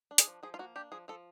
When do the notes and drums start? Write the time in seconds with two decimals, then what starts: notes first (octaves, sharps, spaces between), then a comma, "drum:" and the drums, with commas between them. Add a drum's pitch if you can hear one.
0.11 D4
0.18 G#4, drum: hi-hat
0.27 F3
0.43 F3 G#4
0.54 F4
0.59 A#3 F#4
0.76 D4 G4
0.92 F3 G#4
1.08 F3 A4